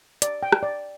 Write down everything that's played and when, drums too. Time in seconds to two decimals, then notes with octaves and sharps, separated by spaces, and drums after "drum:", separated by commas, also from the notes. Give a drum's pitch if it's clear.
0.22 D5, drum: hi-hat
0.43 G5
0.52 drum: rim click
0.63 D5